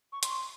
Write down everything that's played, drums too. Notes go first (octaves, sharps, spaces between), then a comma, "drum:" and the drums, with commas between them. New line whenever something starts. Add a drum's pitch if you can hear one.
C#6
C6, drum: hi-hat